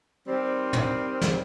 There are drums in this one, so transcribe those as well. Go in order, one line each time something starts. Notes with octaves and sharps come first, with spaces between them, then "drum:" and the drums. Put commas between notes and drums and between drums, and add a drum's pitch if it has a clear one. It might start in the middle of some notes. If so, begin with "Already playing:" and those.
D#3 G3 C4
drum: tom
drum: snare